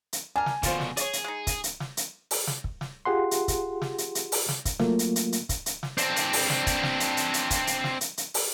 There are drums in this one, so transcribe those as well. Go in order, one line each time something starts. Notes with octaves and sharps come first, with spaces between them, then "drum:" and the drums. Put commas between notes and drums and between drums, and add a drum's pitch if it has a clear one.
drum: hi-hat
D4 A#4 G#5
drum: snare
B2 D3 A#3 F4 C5, drum: kick, hi-hat
drum: snare
G#4 C#5 D5, drum: hi-hat
drum: hi-hat
G#3 D#4
drum: kick, hi-hat
drum: hi-hat
drum: snare
drum: hi-hat
drum: open hi-hat
drum: snare
drum: kick
drum: snare
F4 G4 G#4 F#5 C6
drum: hi-hat
drum: kick, hi-hat
drum: snare
drum: hi-hat
drum: hi-hat
drum: open hi-hat
drum: snare
drum: kick, hi-hat
F#3 A3 A#3 F4, drum: snare
drum: hi-hat
drum: hi-hat
drum: hi-hat
drum: kick, hi-hat
drum: hi-hat
drum: snare
C4 D4, drum: hi-hat
drum: hi-hat
drum: open hi-hat
drum: snare
drum: kick, hi-hat
drum: snare
drum: hi-hat
drum: hi-hat
drum: hi-hat
drum: kick, hi-hat
drum: hi-hat
drum: snare
drum: hi-hat
drum: hi-hat
drum: open hi-hat